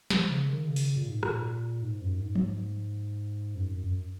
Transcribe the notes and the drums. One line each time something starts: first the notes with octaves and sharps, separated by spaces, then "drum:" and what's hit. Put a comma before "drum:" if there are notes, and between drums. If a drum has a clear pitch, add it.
F3, drum: snare
C#3
D#3
C#3
drum: open hi-hat
A#2
G#2
A#2, drum: rim click
G#2
F#2
G#2
drum: tom F3
F#2
F#2
F#2